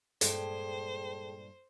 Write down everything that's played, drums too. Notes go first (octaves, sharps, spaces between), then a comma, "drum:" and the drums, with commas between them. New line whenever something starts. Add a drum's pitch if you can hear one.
G2 A#2 G#3 G#4 A4 C5 G5 A5, drum: hi-hat